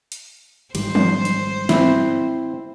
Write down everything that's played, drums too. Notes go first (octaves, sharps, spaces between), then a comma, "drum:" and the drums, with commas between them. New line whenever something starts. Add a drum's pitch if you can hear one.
drum: hi-hat
G#2 D#3 G3 C5, drum: cymbal
drum: tom E3
drum: hi-hat
C4 E4, drum: snare